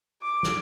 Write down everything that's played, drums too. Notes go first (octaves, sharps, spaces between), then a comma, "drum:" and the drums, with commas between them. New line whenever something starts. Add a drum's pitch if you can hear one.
D6
drum: snare